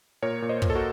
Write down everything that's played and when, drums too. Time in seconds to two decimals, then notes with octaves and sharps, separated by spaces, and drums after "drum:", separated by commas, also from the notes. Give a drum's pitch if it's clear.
0.22 A#2 A#4 C#5
0.42 A#2
0.49 C5 D#5
0.62 A#2, drum: kick
0.70 A4
0.75 F#4 A#4